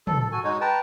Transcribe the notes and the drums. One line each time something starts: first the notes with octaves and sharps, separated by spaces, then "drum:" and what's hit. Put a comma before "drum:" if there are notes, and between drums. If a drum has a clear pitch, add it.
A4, drum: tom
A4
F#4 A4 G#5
G#3 D#4 F#4 C#5
B4 G5 A5 A#5